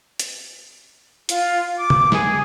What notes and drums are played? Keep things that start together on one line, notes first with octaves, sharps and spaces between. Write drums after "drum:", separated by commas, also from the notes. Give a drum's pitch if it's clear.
drum: hi-hat
F4, drum: hi-hat
D6
drum: tom
G#4, drum: snare